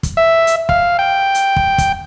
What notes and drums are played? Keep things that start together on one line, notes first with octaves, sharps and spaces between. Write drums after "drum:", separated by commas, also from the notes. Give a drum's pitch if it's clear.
drum: kick, hi-hat
E5
drum: hi-hat
F5, drum: kick
G5
drum: hi-hat
drum: kick
drum: kick, hi-hat